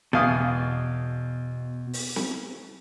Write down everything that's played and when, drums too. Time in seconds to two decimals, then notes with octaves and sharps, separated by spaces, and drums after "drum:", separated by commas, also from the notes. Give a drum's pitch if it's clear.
0.13 E2 B2 F5 D#6
1.93 drum: open hi-hat
2.16 drum: snare